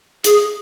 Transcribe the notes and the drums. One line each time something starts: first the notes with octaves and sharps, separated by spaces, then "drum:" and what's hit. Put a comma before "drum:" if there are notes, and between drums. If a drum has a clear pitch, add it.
G#4, drum: hi-hat